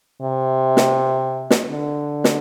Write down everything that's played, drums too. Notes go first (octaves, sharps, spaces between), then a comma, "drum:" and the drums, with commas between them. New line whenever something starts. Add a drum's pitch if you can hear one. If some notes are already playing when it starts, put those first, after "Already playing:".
C3
drum: snare
drum: snare
D3
drum: snare